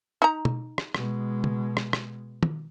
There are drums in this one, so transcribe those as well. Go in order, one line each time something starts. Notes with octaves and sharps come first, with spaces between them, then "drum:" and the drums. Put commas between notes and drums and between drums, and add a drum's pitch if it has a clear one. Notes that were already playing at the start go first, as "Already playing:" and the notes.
D#4 A#5
drum: tom B2
drum: rim click
B2 G#3, drum: rim click
drum: tom
drum: rim click
drum: rim click
drum: tom